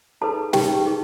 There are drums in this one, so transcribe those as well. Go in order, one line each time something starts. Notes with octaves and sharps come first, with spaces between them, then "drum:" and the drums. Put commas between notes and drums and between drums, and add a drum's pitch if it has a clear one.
D#4 G#4 A4 B4 A5
D#4 G4 G#4 B4 G5, drum: snare
D#4 G#4